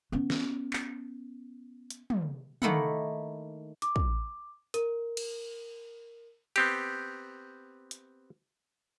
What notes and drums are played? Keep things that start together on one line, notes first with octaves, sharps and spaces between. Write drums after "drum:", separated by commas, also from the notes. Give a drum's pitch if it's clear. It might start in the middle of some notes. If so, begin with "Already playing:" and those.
B3 C#4
drum: snare
drum: clap
drum: hi-hat
drum: tom
D#3 A3 A#3 E4 F#5, drum: tom
D6, drum: hi-hat
drum: kick
A#4, drum: hi-hat
drum: cymbal
B3 C4 G4, drum: cymbal
drum: hi-hat